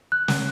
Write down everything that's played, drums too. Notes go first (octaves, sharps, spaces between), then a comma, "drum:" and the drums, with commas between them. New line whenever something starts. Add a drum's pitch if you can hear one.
F#6
drum: snare